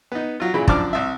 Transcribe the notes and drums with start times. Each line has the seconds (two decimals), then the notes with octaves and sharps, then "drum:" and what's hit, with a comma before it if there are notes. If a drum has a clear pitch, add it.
0.12 B3 D#4
0.40 F#3 F4
0.54 A#2 C#3 E3 B5
0.68 F#2 F3 D4 D6 F6, drum: kick
0.93 C2 E5